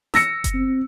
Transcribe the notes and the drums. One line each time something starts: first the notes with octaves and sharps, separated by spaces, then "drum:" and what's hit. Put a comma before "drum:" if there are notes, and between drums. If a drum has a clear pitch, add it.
E6 A#6 C#7, drum: snare
drum: kick F#1, hi-hat
C4